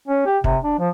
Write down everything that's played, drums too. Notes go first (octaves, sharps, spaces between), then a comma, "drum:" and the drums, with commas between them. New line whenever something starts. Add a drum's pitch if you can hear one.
C#4
G4
C3, drum: kick
D4
F3